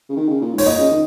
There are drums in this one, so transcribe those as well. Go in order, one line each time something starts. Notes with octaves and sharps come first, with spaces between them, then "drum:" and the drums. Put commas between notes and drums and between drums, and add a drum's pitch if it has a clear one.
C#3
D#3
C#3
A#2
G#2
C#5, drum: open hi-hat
A#2 D#5
C#3
D#3